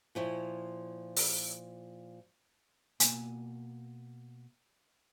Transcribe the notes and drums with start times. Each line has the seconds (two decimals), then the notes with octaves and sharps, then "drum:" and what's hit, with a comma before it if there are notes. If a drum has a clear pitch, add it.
0.15 A#2 F3 E4 C#5
1.17 drum: open hi-hat
3.00 B2 A#3 G#5, drum: hi-hat